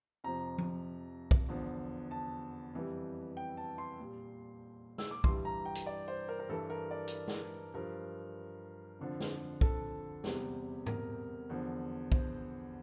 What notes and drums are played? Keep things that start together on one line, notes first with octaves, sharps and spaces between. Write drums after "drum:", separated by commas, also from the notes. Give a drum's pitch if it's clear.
F2 C3 F3 A#5
drum: tom F3
drum: kick
E2 D3 F3
A5
F2 E3 G3
G5
A5
C6
A#2 G3
E6, drum: snare
D6
G2 E3 G3 C6, drum: kick
A#5
G5
drum: hi-hat
D5
C5
A#4
A#4
G2 E3 G3 A4
A#4
D5
drum: hi-hat
drum: snare
G2 F3 A#4
F2 D3 F3
drum: snare
A4, drum: kick
E2 C3 G3, drum: snare
A#4, drum: tom G#2
E2 D3 F3
C5, drum: kick